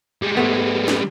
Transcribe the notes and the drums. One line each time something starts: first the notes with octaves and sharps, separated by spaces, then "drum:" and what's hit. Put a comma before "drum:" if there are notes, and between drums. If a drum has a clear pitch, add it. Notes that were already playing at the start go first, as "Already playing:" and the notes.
G3 G#3
G#2 A3 B3
drum: snare